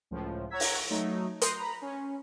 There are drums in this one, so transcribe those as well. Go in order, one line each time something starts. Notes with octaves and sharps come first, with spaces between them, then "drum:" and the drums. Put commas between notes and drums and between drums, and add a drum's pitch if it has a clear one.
C#2 A2 F3
C#5 F#5 A#5 E6 G#6 B6
drum: open hi-hat
F#3 A3 D#4
C6 D#6 F#6 G6 A#6 C7, drum: hi-hat
A#5 B5
C#4